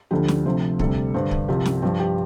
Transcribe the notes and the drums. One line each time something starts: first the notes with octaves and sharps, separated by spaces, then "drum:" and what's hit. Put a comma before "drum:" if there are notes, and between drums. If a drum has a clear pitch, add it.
D2 D3 F3 G4
drum: snare
D2 C3 F3 C5
D2 C3 G3 A4, drum: kick
G2 D3 G3 C5
drum: kick
C2 C3 F3 G4
drum: snare
G2 F3 G4
G4